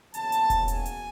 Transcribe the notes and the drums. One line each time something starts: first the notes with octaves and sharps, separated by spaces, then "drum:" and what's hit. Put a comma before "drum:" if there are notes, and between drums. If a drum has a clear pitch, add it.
F#1 E2 C#3 F#3 A5, drum: hi-hat
drum: hi-hat
drum: kick E1, hi-hat
G#5, drum: hi-hat
drum: hi-hat